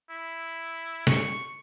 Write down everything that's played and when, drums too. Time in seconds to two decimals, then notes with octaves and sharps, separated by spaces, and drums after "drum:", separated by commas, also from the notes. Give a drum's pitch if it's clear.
0.10 E4
1.07 C#6, drum: snare